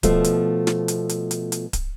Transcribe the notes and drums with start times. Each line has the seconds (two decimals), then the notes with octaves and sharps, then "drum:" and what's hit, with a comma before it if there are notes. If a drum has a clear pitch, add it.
0.03 B2 F3 A3, drum: kick D1, hi-hat
0.24 drum: hi-hat
0.67 drum: snare
0.88 drum: hi-hat
1.09 drum: hi-hat
1.31 drum: hi-hat
1.52 drum: hi-hat
1.73 drum: kick D1, hi-hat